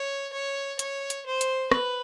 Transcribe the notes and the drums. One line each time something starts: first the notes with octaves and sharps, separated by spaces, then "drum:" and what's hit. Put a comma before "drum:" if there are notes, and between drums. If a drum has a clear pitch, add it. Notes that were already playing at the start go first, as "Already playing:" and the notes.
Already playing: C#5
C#5
C#5, drum: hi-hat
drum: hi-hat
C5
drum: hi-hat
B4, drum: rim click